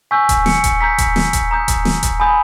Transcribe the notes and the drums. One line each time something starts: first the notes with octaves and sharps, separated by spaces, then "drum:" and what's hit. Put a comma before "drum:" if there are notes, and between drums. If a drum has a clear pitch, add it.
G#5 C#6 E6 G6 B6
drum: kick D#1, hi-hat
C#7, drum: snare
drum: kick D#1, hi-hat
A#5 D#6 G6 B6
drum: kick D#1, hi-hat
drum: snare
drum: kick D#1, hi-hat
A#5 D#6 G6
drum: kick D#1, hi-hat
drum: snare
drum: kick D#1, hi-hat
G#5 B5 D#6 G6